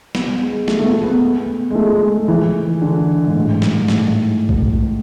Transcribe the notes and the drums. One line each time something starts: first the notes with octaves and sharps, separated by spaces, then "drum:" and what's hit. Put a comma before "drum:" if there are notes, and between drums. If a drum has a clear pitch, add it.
B3, drum: snare
G#3
A3, drum: snare
A3
B3
B3
G#3
A3
G#3
E3
D3
G#2
A2
G#2, drum: snare
A2, drum: snare
drum: kick